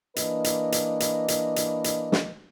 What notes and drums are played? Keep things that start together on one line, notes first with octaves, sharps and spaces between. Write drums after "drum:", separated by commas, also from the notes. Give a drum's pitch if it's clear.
E3 A#3 D4 B4 D#5, drum: hi-hat
drum: hi-hat
drum: hi-hat
drum: hi-hat
drum: hi-hat
drum: hi-hat
drum: hi-hat
drum: snare